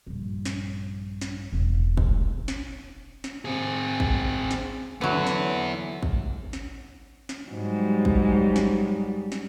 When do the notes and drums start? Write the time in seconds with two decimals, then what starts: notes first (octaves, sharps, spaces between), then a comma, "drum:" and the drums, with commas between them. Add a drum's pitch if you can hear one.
0.07 A#1 G2
0.45 drum: snare
1.21 drum: snare
1.52 E1
1.97 drum: kick
2.48 drum: snare
3.24 drum: snare
3.45 C4 G#4
4.00 drum: kick
4.51 drum: snare
5.01 D3 F#3 B3 E4
5.27 drum: snare
6.03 drum: kick
6.53 drum: snare
7.29 drum: snare
7.51 G#2 F#3 G3
8.05 drum: kick
8.56 drum: snare
9.32 drum: snare